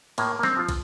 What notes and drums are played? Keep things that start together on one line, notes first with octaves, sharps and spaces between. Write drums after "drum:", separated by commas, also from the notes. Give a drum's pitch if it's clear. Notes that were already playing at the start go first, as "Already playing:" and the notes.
A2 A#3, drum: cymbal
A#3
C4, drum: snare
F3 F4
drum: kick, cymbal